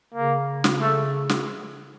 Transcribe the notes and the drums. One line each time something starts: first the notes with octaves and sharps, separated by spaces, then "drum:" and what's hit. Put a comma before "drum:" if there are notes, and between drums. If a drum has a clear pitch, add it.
C#3 A#3
drum: snare
A3
drum: snare